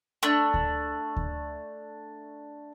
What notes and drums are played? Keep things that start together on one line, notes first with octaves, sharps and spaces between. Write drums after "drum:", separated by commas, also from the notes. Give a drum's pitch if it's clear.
A3 D4
drum: kick D2
drum: kick D2